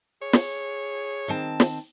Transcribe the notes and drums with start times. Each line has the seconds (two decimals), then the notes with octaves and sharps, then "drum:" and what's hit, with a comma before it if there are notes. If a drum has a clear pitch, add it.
0.21 G#4 C#5
0.33 drum: snare
1.28 D#3 C4 A5
1.60 drum: snare